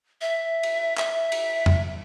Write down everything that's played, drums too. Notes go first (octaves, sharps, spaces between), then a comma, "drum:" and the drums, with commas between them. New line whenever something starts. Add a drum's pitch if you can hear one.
E5
drum: cymbal
E5, drum: clap
drum: cymbal
drum: tom F2